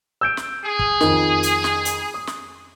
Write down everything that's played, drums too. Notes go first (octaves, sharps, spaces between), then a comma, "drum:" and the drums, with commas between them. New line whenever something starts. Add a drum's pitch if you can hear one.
E6 G6 D7
drum: snare
G#4
drum: kick
F2 D#3, drum: snare
drum: hi-hat
drum: snare
drum: hi-hat
D#6
drum: snare